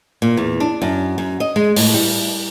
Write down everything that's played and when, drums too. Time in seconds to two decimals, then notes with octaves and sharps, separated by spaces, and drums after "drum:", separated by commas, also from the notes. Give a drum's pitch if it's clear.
0.22 A#2
0.37 E2
0.60 D4
0.82 F#2
1.18 F#2
1.40 D#5
1.56 G#3
1.76 A2, drum: open hi-hat
1.94 G3